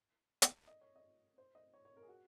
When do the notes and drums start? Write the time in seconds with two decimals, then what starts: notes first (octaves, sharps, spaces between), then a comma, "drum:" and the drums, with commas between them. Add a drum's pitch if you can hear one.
0.42 drum: hi-hat
0.67 D#5
0.81 C#5
0.96 D#5
1.38 C5
1.55 D#5
1.73 C#5
1.85 C#5
1.97 A#4
2.03 G#4
2.08 F#4